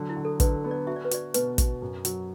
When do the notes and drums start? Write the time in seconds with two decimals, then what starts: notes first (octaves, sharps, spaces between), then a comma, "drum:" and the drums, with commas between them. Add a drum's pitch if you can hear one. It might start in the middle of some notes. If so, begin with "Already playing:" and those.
Already playing: D3 F#3
0.09 E4
0.17 D3
0.25 A4
0.40 D3 B4, drum: kick, hi-hat
0.64 B3
0.71 D5
0.87 F#4 E5
0.96 D5
1.05 B4
1.11 F#4 D5, drum: hi-hat
1.34 B2 B4, drum: hi-hat
1.58 B2, drum: kick, hi-hat
1.82 F#2
2.05 F#3, drum: hi-hat